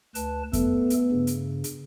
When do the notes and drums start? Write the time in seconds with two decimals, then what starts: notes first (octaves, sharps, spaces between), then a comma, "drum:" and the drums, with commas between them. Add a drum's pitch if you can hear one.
0.15 D2 B4 A5, drum: hi-hat
0.53 A3 B3 A4, drum: kick F2, hi-hat
0.90 drum: hi-hat
1.12 G2 C#3
1.27 drum: hi-hat
1.64 drum: hi-hat